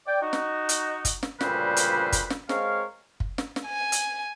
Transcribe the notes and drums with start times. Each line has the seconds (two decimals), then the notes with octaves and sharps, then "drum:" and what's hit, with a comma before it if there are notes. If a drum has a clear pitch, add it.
0.07 D5 G5
0.22 D#4 F#4
0.33 drum: snare
0.69 drum: hi-hat
1.05 drum: kick, hi-hat
1.23 drum: snare
1.41 D2 A#2 C#3 G3 B4 C5, drum: snare
1.77 drum: hi-hat
2.12 drum: kick, hi-hat
2.30 drum: snare
2.49 G#3 C4 A#4 C#5 F5, drum: snare
3.20 drum: kick
3.38 drum: snare
3.56 drum: snare
3.66 G#5
3.92 drum: hi-hat